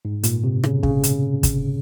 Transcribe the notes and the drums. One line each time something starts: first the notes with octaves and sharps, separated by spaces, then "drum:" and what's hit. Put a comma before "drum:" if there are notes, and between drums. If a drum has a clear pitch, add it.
G#2
A#2, drum: hi-hat
C3
C#3, drum: rim click
C#3, drum: kick
drum: hi-hat
drum: kick, hi-hat